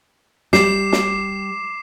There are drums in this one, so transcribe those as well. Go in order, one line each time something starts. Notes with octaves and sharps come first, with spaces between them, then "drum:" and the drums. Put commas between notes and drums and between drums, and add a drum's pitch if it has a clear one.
G3 D6 C7 E7, drum: snare
drum: snare